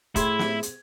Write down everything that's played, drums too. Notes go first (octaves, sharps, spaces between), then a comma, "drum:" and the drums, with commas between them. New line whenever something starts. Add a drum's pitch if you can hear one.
A2 E4 G#4 C6 G#6, drum: kick F1, hi-hat
drum: snare
drum: hi-hat